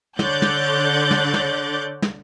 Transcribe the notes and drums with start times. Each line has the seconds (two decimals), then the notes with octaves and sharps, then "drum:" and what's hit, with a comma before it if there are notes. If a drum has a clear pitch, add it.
0.19 D3 C#5 D6 F#6 G6 A6, drum: snare
0.42 drum: snare
1.11 drum: snare
1.34 drum: snare
2.02 drum: snare